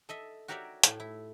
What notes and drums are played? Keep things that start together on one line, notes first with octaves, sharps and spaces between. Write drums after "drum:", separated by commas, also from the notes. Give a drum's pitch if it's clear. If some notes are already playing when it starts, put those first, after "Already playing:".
A4 D#5 E5
F#4 G4 A#4 C#5 D5 E5
A2 A3, drum: hi-hat
E4